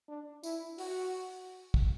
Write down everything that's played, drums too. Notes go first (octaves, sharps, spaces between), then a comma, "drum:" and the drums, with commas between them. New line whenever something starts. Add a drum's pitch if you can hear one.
D4
E4, drum: tambourine
F#4, drum: open hi-hat
drum: kick